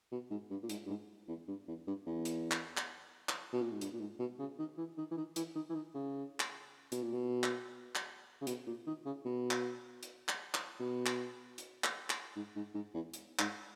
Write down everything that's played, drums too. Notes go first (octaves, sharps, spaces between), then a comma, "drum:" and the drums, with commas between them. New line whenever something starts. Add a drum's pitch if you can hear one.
B2
G#2
G2
A#2
G#2, drum: hi-hat
G2
G#2
E2
G2
E2
G2
E2
drum: hi-hat
drum: clap
drum: clap
drum: clap
B2
A#2
G#2
G2, drum: hi-hat
A#2
G#2
B2
C#3
D#3
E3
D#3
E3
D#3
E3, drum: hi-hat
D#3
E3
D#3
C#3
drum: clap
B2, drum: hi-hat
A#2
B2
drum: clap
drum: clap
C#3
B2, drum: hi-hat
A#2
D#3
C#3
B2
drum: clap
drum: hi-hat
drum: clap
drum: clap
B2
drum: clap
drum: hi-hat
drum: clap
drum: clap
G#2
G#2
G#2
E2
drum: hi-hat
G#2, drum: clap